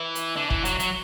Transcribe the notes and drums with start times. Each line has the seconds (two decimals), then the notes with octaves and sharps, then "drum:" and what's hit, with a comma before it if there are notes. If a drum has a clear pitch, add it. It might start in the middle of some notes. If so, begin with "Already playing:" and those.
Already playing: E3
0.15 drum: hi-hat
0.37 D3
0.50 E3, drum: kick
0.65 F#3, drum: hi-hat
0.80 F#3, drum: hi-hat